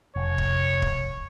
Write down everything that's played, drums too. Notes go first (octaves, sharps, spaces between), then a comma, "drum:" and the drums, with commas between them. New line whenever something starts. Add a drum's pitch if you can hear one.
F1 C#5
drum: kick
drum: kick